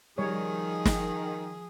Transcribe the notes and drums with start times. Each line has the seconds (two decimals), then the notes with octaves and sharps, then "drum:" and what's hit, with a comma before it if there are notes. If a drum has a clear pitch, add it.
0.18 D#3 F3 G3 G#4 C#5
0.85 drum: snare